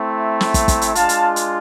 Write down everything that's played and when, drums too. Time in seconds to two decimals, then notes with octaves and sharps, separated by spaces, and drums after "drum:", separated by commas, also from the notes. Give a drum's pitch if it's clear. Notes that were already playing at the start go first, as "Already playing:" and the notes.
Already playing: A3 C4 E4
0.41 drum: snare
0.54 drum: kick, hi-hat
0.68 drum: kick, hi-hat
0.82 drum: hi-hat
0.95 G#3 D4 F4 F5 A5, drum: hi-hat
1.09 drum: hi-hat
1.36 drum: hi-hat